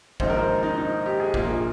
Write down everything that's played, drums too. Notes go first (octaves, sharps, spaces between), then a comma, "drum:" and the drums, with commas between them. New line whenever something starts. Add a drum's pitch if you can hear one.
A#1 G#2 D#3 C5, drum: kick
A#4
C5
D#4
D#4
G4
G#4
A#1 A#2 A#3, drum: kick